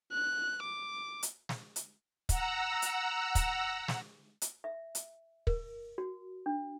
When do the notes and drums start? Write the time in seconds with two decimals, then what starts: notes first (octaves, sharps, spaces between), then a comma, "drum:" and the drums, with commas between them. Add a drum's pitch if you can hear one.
0.12 F#6
0.62 D6
1.23 drum: hi-hat
1.49 drum: snare
1.76 drum: hi-hat
2.29 F#5 A#5 E6, drum: kick, hi-hat
2.82 drum: hi-hat
3.35 drum: kick, hi-hat
3.88 drum: snare
4.42 drum: hi-hat
4.64 E5
4.95 drum: hi-hat
5.47 A#4, drum: kick
5.98 F#4
6.46 D4